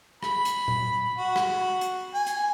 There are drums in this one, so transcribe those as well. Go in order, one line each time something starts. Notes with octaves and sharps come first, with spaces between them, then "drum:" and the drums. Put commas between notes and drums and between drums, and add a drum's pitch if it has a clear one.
B5, drum: rim click
drum: hi-hat
drum: tom A#2
F#4
drum: rim click
drum: hi-hat
G#5
drum: hi-hat